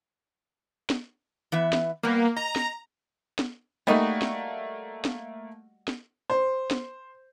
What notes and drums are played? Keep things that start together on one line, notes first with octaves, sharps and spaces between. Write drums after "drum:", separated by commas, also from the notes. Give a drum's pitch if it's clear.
drum: snare
E3 B3 E5
drum: snare
G3 A#3 B3
D#5 A#5
drum: snare
drum: snare
G3 A3 A#3 D#4 F#4
drum: snare
drum: snare
drum: snare
C5
drum: snare